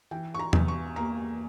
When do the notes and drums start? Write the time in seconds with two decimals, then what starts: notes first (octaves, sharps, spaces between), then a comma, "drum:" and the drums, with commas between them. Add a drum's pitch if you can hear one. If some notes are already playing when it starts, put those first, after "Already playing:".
0.11 E3 G5
0.34 C#6
0.39 A#5
0.53 E2, drum: tom E2
0.68 C#6
0.96 A#3 A#5